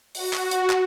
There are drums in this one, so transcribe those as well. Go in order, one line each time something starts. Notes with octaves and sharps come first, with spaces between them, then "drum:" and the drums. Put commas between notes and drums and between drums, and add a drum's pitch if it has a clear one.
F#4, drum: open hi-hat
drum: clap
drum: hi-hat
drum: clap